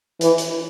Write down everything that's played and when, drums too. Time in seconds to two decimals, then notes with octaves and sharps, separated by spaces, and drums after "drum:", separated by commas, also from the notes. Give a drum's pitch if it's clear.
0.21 E3, drum: hi-hat
0.38 drum: hi-hat